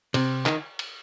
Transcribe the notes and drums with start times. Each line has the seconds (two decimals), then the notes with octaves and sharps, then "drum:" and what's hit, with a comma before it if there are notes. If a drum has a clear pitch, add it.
0.14 C3, drum: cymbal
0.46 D#3, drum: clap
0.79 drum: cymbal